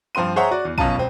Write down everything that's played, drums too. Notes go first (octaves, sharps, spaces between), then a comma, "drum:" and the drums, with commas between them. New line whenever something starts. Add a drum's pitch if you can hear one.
G2 F3 C4 C6 D#7
G#4 C5 C#5 E5 F#5 A#5
F#4 D5
E2
F#2 B2 C#4 F4 A5 D#7, drum: kick
E1 C4